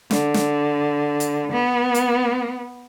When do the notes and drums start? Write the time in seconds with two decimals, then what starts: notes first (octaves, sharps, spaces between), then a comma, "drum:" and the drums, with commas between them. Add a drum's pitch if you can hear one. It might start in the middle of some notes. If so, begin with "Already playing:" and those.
0.11 D3, drum: snare
0.34 drum: snare
1.20 drum: hi-hat
1.52 B3
1.95 drum: hi-hat